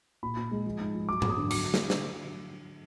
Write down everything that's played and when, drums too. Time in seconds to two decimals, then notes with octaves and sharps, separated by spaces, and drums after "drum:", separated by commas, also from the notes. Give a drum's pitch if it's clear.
0.23 A#2 B5
0.37 A#2
0.51 G#3
0.66 F3
0.80 G#2
0.95 F3
1.09 F#3 D6
1.22 F#3, drum: tom G#2
1.29 D#6
1.36 D3
1.51 F#3 D6, drum: cymbal
1.74 drum: snare
1.90 drum: snare